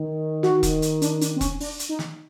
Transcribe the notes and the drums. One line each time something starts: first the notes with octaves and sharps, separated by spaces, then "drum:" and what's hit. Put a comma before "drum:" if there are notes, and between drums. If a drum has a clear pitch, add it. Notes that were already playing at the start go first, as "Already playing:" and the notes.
Already playing: D#3
F#4, drum: snare
drum: kick E1, hi-hat
drum: hi-hat
D4, drum: hi-hat
D4, drum: hi-hat
C4
C#4, drum: kick E1, hi-hat
D4, drum: open hi-hat
drum: hi-hat
D#4
drum: snare